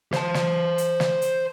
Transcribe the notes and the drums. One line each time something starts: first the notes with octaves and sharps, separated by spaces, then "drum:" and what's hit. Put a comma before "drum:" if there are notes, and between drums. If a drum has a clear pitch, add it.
C5 A5, drum: snare
drum: snare
drum: hi-hat
drum: snare
drum: hi-hat